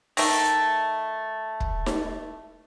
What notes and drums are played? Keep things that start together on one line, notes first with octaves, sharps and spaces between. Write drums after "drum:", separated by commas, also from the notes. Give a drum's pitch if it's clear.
D#3 A3, drum: open hi-hat
drum: kick
drum: snare D#4